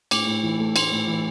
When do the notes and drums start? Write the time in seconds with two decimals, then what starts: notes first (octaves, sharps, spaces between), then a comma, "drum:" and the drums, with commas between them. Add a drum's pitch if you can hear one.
0.11 A2 D6, drum: cymbal
0.27 A2
0.43 E3
0.59 A3
0.76 A2 C6, drum: cymbal
0.92 A2
1.08 E3